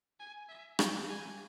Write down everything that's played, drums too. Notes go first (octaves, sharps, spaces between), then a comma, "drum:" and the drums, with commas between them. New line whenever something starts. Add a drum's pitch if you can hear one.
G#5
E5
G5, drum: rim click
G#5